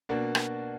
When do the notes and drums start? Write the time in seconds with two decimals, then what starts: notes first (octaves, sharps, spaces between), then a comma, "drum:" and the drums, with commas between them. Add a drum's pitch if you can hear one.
0.09 B2 A#3 D4 F#4
0.35 drum: rim click